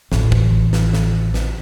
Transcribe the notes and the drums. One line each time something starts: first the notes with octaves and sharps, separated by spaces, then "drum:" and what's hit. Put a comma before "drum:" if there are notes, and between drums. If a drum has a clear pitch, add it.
A1 E3, drum: snare
drum: kick
drum: snare
drum: snare
drum: snare